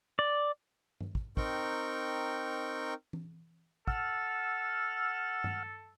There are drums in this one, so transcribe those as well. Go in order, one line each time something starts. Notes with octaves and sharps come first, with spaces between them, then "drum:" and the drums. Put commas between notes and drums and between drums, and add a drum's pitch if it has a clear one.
D5
drum: tom G2
drum: kick
C4 D#4 A#4 G5 C#6 G6, drum: kick
drum: tom E3
A4 F#5 E6 F6, drum: kick
drum: tom G2